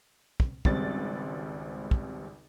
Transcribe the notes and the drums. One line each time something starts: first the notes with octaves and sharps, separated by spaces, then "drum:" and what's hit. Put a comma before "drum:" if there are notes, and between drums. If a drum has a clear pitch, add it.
drum: kick
G#1 C#2 G3 C4 A6, drum: kick
drum: kick